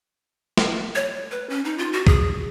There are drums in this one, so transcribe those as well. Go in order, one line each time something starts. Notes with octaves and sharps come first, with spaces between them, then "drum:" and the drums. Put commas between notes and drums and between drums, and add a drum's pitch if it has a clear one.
drum: snare
C#5
B4
C#4
D#4
F4
F#4
G#4, drum: kick